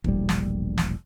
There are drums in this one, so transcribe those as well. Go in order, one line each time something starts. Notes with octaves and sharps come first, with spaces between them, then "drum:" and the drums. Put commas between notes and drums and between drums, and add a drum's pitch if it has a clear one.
E1 A#1 A2 G3, drum: kick
drum: snare
drum: snare